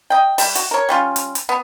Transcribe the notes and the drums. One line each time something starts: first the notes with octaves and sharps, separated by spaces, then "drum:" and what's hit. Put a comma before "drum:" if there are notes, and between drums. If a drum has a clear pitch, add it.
D#5 G5
G3, drum: open hi-hat
F#4, drum: hi-hat
A#4 C#5
G3 C#4 F4
drum: hi-hat
drum: hi-hat
B3